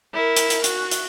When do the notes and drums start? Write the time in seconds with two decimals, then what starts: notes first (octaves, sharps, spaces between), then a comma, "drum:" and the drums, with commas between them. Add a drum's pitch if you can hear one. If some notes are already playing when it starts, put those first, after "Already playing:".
0.14 E4 A#4
0.36 drum: hi-hat
0.50 drum: hi-hat
0.64 F#4, drum: hi-hat
0.91 drum: hi-hat